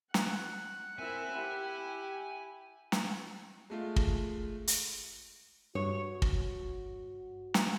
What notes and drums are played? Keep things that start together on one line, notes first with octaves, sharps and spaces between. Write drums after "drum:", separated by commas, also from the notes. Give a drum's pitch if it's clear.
F#5, drum: snare
C4 E4 A#4 E5 G#5
E4 G4 G5
drum: snare
G#3 A3 F4
drum: kick
drum: hi-hat
G2 F#4 C#5
drum: kick
drum: snare